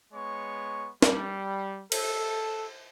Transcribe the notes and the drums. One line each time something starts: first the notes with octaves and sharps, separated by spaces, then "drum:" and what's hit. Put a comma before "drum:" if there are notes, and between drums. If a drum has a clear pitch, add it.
G#3 B3 C#5 C#6
G3, drum: snare
A4, drum: cymbal